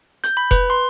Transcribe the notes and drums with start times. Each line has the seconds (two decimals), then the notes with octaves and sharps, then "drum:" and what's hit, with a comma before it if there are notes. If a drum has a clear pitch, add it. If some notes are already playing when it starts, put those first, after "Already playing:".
0.24 G6, drum: hi-hat
0.37 B5
0.51 B4, drum: kick F1, hi-hat
0.70 C6